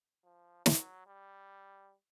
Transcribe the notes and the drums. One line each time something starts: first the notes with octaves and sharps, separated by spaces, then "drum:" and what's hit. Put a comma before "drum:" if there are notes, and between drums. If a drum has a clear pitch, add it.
F3
F#3, drum: snare
G3